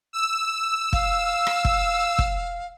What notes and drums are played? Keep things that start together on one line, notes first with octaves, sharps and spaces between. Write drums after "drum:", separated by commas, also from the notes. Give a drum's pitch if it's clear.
E6
F5, drum: kick
drum: rim click
drum: kick
drum: kick